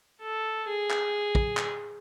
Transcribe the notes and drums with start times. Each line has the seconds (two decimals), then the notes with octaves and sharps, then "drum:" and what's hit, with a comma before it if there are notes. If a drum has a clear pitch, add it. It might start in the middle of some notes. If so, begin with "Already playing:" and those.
0.22 A4
0.68 G#4
0.90 drum: clap
1.35 drum: kick
1.57 drum: clap